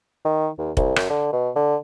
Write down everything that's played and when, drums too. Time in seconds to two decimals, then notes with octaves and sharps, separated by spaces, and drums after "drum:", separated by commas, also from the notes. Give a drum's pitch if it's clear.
0.25 D#3
0.58 D#2
0.77 C2, drum: kick F1
0.96 F#2, drum: rim click
1.10 D3
1.33 B2
1.56 D3